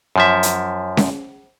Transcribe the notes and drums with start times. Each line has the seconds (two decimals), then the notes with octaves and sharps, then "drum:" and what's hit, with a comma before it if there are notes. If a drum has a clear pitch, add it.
0.16 F#2 F3 E5
0.43 drum: hi-hat
0.97 drum: snare C#4